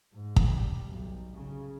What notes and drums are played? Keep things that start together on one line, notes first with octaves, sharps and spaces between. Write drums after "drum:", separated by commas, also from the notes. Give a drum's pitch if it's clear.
G#2
drum: kick
G3
B1
C#3